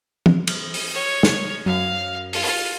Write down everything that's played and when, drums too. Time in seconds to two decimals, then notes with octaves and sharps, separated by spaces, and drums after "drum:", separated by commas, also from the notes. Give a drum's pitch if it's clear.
0.26 drum: tom
0.47 drum: cymbal
0.74 drum: open hi-hat
0.93 C#5
1.23 drum: snare
1.66 F#2 F5
2.33 F4, drum: open hi-hat